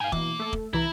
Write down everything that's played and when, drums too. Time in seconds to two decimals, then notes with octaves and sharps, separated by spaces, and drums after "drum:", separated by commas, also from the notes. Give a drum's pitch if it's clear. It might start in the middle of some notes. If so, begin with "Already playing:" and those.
0.01 D#4 F5 G5 G#5
0.12 B2 E3 A#3, drum: kick E1
0.39 A3 A4
0.53 drum: kick E1
0.73 C2 E3 E4 A#5